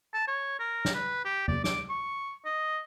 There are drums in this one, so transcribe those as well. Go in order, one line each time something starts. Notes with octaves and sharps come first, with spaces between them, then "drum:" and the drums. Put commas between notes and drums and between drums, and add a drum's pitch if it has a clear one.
A5
C#5
A#4
drum: snare
B4
G4
D5, drum: tom E2
D6, drum: snare
C#6
D#5